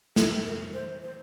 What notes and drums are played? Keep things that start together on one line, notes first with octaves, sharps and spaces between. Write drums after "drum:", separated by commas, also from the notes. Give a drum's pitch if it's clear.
A4, drum: snare
A#4
C5
C5